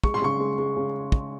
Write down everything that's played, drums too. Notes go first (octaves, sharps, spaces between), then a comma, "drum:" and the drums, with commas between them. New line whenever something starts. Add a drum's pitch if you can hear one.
G#3 C#6, drum: kick
C6
C#3 C#6
G#3
G#3
C#3
drum: kick